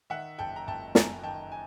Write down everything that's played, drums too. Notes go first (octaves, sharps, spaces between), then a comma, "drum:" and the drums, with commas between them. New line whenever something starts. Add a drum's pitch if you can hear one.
D#3 E5 F#5
F#1 G5 A5
A#5
F#1 G5 A5
F#2 G#5 A#5, drum: snare
D#3 G5 A5
G#5